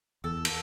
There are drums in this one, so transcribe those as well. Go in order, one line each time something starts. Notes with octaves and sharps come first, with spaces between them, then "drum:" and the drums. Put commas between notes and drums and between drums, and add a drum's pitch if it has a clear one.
E2 A4
drum: cymbal